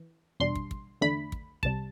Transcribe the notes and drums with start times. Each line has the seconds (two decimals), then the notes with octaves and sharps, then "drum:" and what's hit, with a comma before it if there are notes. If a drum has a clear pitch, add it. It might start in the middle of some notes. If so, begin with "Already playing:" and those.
Already playing: E3
0.40 E2 B2 G3 D4 C6
0.55 drum: kick
0.71 drum: kick
1.01 E2 D3 A3 D4 B5
1.32 drum: kick
1.63 C2 C3 G3 A5, drum: kick